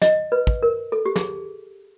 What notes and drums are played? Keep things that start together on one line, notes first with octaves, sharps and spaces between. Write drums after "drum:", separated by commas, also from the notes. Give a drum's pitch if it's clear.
D#5, drum: snare
B4
drum: kick
A#4
A4
G4
G#4, drum: snare